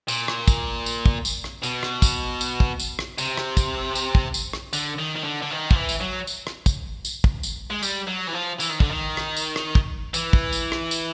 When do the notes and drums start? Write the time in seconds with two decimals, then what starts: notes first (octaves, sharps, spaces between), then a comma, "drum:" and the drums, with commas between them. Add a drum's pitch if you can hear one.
0.08 A#2, drum: tambourine
0.28 drum: rim click
0.48 drum: kick, tambourine
0.86 drum: tambourine
1.06 drum: kick
1.25 drum: tambourine
1.44 drum: rim click
1.63 B2, drum: tambourine
1.83 drum: rim click
2.02 drum: kick, tambourine
2.41 drum: tambourine
2.60 drum: kick
2.79 drum: tambourine
2.99 drum: rim click
3.18 C3, drum: tambourine
3.37 drum: rim click
3.57 drum: kick, tambourine
3.95 drum: tambourine
4.15 drum: kick
4.34 drum: tambourine
4.53 drum: rim click
4.73 D3, drum: tambourine
4.99 D#3
5.16 D#3
5.24 D3
5.42 D3
5.51 D#3
5.71 F3, drum: kick
5.76 E3
5.89 drum: tambourine
6.01 F#3
6.27 drum: tambourine
6.47 drum: rim click
6.66 drum: kick, tambourine
7.05 drum: tambourine
7.24 drum: kick
7.43 drum: tambourine
7.71 G#3
7.83 G3, drum: tambourine
8.07 F#3
8.27 E3
8.34 F3
8.60 E3, drum: tambourine
8.70 D#3
8.80 D3, drum: kick
8.91 D#3
9.17 drum: rim click
9.37 drum: tambourine
9.56 drum: rim click
9.75 drum: kick
10.14 E3, drum: tambourine
10.33 drum: kick
10.53 drum: tambourine
10.72 drum: rim click
10.91 drum: tambourine